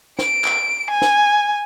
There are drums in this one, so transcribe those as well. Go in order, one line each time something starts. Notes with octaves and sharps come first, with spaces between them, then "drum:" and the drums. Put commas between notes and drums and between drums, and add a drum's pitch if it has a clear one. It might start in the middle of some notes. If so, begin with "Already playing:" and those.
D7, drum: snare
drum: clap
G#5
drum: snare